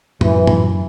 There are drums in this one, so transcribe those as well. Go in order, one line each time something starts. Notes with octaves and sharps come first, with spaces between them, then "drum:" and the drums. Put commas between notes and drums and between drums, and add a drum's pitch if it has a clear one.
F#2 E3, drum: tom
drum: tom